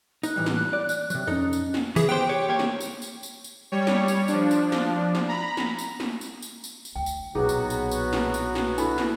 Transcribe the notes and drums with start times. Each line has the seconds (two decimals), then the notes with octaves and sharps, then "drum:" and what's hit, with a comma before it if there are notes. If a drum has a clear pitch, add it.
0.23 D#4 F#6, drum: tambourine
0.36 A2 E3 G3
0.46 drum: snare
0.73 D5
0.89 drum: tambourine
1.10 C3 F#3, drum: tambourine
1.27 F2 C#4 D#4 A4 D#5
1.53 drum: tambourine
1.74 drum: snare
1.96 C#3 E3 G#4, drum: tambourine
2.09 B3 G4 C5 G5
2.29 G4 C#5
2.49 A#3 G4 C#5
2.59 drum: snare
2.81 drum: tambourine
3.02 drum: tambourine
3.23 drum: tambourine
3.44 drum: tambourine
3.72 G3 C#5
3.87 drum: snare
4.08 drum: tambourine
4.28 F3 D4, drum: tambourine
4.51 drum: tambourine
4.72 drum: snare
5.15 drum: snare
5.29 A#5 B5
5.57 drum: snare
5.79 drum: tambourine
6.00 drum: snare
6.21 drum: tambourine
6.42 drum: tambourine
6.64 drum: tambourine
6.85 drum: tambourine
6.95 D2 G5
7.06 drum: tambourine
7.35 B1 A#2 F#3 B3 D#4 F#4 G#4
7.49 drum: tambourine
7.70 drum: tambourine
7.91 drum: tambourine
8.13 drum: snare
8.34 drum: tambourine
8.55 drum: snare
8.78 D4 E4 A4 B5, drum: tambourine
8.98 drum: snare